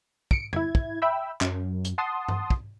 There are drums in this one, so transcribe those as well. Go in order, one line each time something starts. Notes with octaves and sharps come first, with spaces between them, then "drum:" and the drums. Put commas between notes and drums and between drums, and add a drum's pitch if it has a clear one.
C#7 D7, drum: kick
E4 G#6, drum: tom
drum: kick
E5 G5 B5 E6
F#2, drum: clap
drum: hi-hat
F#5 A5 C6 D#6
drum: tom G2
drum: kick